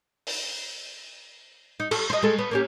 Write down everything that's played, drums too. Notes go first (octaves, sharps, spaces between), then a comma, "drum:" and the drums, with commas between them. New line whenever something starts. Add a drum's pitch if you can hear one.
drum: open hi-hat
D#4
A4, drum: cymbal
C5 D#5
G#3 A4
B3
A#3 C#4 G4